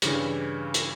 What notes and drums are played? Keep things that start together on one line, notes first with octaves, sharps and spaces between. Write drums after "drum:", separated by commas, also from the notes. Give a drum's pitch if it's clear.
G2 C#3 E3, drum: hi-hat
drum: hi-hat